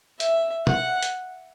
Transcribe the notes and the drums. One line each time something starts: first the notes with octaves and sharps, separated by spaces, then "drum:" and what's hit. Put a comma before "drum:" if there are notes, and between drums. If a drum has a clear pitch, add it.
E5, drum: hi-hat
F#5, drum: tom
drum: hi-hat